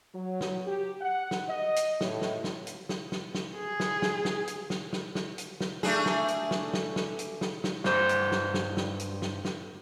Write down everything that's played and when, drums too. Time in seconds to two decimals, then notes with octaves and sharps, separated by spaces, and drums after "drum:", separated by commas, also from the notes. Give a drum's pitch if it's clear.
0.15 F#3
0.41 drum: snare
0.67 G4
1.01 F#5
1.31 drum: snare
1.49 D#5
1.76 drum: hi-hat
2.01 A2, drum: snare
2.22 drum: snare
2.44 drum: snare
2.67 drum: hi-hat
2.89 drum: snare
3.12 drum: snare
3.35 drum: snare
3.56 G#4
3.80 drum: snare
4.02 drum: snare
4.25 drum: snare
4.48 drum: hi-hat
4.70 drum: snare
4.93 drum: snare
5.15 drum: snare
5.38 drum: hi-hat
5.61 drum: snare
5.83 A3 D4 G#4, drum: snare
6.06 drum: snare
6.28 drum: hi-hat
6.51 drum: snare
6.74 drum: snare
6.96 drum: snare
7.19 drum: hi-hat
7.41 drum: snare
7.64 drum: snare
7.84 G2 C5, drum: snare
8.09 drum: hi-hat
8.32 drum: snare
8.54 drum: snare
8.77 drum: snare
9.00 drum: hi-hat
9.22 drum: snare
9.45 drum: snare